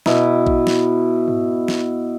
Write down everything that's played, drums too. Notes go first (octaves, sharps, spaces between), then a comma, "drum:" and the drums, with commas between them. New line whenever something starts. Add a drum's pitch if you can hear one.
B2 E4, drum: snare
drum: kick A#1
drum: snare
drum: tom G#2
drum: snare